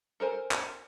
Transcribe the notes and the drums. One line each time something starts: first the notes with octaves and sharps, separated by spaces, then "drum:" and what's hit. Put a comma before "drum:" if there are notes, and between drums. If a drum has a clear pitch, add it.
A4 A#4 C5 G#5
drum: clap